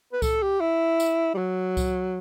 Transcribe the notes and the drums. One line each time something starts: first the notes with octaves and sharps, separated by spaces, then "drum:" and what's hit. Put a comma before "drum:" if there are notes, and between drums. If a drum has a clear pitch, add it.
B4
A4, drum: kick C2, tambourine
G4
E4
drum: tambourine
G3
F#3
drum: kick C2, tambourine